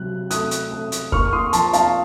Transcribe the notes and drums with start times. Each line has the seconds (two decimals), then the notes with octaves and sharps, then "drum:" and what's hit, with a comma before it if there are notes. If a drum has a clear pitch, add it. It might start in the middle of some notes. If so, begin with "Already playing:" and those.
Already playing: C3 F#3 F#6
0.31 A3 D#6 F#6, drum: hi-hat
0.51 drum: hi-hat
0.71 A3
0.92 drum: hi-hat
1.12 A#3 C#6 F6, drum: kick
1.33 C6 D#6
1.53 F3 A5 C6, drum: hi-hat
1.73 F5 A5, drum: hi-hat